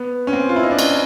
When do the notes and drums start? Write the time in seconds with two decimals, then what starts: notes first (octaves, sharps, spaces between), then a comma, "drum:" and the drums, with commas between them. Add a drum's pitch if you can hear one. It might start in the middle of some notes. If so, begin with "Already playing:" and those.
Already playing: B3
0.27 C#4
0.33 C4
0.49 F4
0.56 E4
0.63 D#4
0.71 D4
0.79 C#4, drum: cymbal